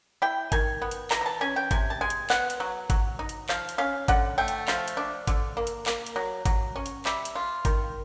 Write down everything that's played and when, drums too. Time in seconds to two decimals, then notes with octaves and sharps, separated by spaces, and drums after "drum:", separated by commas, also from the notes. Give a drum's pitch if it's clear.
0.22 E4 G5
0.52 D#3 G#5, drum: kick G#1, hi-hat
0.82 B3
0.91 drum: hi-hat
1.11 E3 A#5, drum: clap
1.21 A#5
1.26 A5
1.41 C#4 G#5
1.56 G5
1.71 C3 G#5, drum: kick G#1, hi-hat
1.90 A5
2.01 G#3 G#5
2.10 drum: hi-hat
2.30 B3 F#5, drum: clap
2.50 drum: hi-hat
2.60 F#3
2.90 F#3, drum: kick G#1, hi-hat
3.19 D#4
3.29 drum: hi-hat
3.49 F3 F5, drum: clap
3.69 drum: hi-hat
3.78 C#4 F5
4.08 D3 F#5, drum: kick G#1, hi-hat
4.38 A3 G5
4.48 drum: hi-hat
4.68 F3 F5, drum: clap
4.88 drum: hi-hat
4.97 D4
5.27 D3, drum: kick G#1, hi-hat
5.57 A#3
5.67 drum: hi-hat
5.86 A#3, drum: clap
6.06 drum: hi-hat
6.16 F#3
6.46 F#3, drum: kick G#1, hi-hat
6.76 C#4
6.86 drum: hi-hat
7.05 G3 E5, drum: clap
7.25 drum: hi-hat
7.35 F4
7.65 D#3, drum: kick G#1, hi-hat